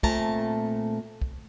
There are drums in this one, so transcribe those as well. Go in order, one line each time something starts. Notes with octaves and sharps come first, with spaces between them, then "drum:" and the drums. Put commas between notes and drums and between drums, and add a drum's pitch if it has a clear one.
A#2 A3 C4 A5 A#5, drum: kick
drum: kick